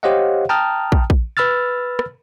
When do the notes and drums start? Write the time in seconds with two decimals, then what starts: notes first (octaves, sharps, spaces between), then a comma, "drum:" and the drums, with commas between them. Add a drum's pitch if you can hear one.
0.03 G4 C5 C#5 D#5 F5 F#5
0.49 G5 A5 A#5 D#6 F6
0.92 drum: kick
1.10 drum: kick
1.37 B4 B5 E6 F6 A6
1.99 drum: rim click